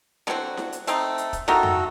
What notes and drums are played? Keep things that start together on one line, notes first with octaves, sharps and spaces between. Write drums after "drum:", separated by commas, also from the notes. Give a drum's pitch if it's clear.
D3 F#3 C4 F#4, drum: snare E4
drum: snare E4
drum: hi-hat
A3 C4 D#4, drum: hi-hat
drum: hi-hat
drum: kick, hi-hat
A3 D#4 F#4 G4 A4 A#4, drum: snare E4
drum: tom F2